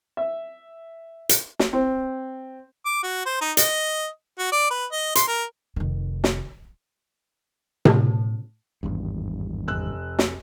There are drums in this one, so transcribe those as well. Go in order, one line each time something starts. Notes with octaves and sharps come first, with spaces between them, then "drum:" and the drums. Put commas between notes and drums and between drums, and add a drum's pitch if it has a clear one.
E5
drum: hi-hat
drum: snare
C4
D6
F#4
C5
D#4
D#5, drum: hi-hat
F#4
D5
B4
D#5
C6, drum: hi-hat
A#4
F1 D#3
drum: snare
A2, drum: tom C3
G#1 E2 G2
F1 E6 F#6
drum: snare